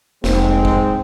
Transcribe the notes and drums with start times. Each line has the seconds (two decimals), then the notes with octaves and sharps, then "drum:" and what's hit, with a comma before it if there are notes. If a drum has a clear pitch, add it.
0.24 F1 G#3 C4 D#4, drum: snare
0.65 drum: kick